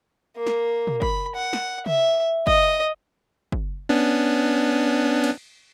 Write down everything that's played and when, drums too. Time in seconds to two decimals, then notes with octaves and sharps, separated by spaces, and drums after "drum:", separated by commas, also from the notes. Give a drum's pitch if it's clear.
0.37 A#3
0.47 drum: snare
0.87 drum: tom A#2
1.02 B5, drum: kick
1.35 F#5
1.53 drum: snare
1.86 E5, drum: tom
2.47 D#5, drum: kick
3.52 drum: kick
3.89 B3 C#4 D4
5.24 drum: cymbal